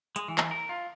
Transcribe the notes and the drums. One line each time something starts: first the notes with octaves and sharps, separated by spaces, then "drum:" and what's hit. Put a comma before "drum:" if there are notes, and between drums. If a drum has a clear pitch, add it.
G#3, drum: hi-hat
E3
drum: clap
A#4
F4